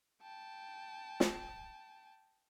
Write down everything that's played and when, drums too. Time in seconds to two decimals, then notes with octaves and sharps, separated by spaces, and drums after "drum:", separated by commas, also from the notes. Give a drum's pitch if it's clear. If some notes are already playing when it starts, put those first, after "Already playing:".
0.22 G5 A5
1.20 drum: snare